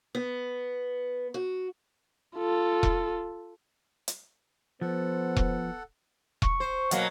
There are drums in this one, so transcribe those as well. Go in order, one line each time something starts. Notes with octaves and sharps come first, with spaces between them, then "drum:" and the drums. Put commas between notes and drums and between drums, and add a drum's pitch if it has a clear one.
B3
F#4
F4 A4
drum: kick E1
drum: hi-hat
F3 B3 A4 C5 F#5
drum: kick E1
C#6, drum: kick E1
C5
B2 F#3 A#3, drum: hi-hat